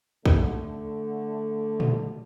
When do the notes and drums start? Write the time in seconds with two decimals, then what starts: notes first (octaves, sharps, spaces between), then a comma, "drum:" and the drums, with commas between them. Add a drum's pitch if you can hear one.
0.26 D3 A3, drum: kick
1.80 drum: tom A#2